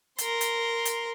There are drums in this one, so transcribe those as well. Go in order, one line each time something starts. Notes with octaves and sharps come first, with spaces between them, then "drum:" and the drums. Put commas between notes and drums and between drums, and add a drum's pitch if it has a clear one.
A#4 C6, drum: hi-hat
drum: hi-hat
drum: hi-hat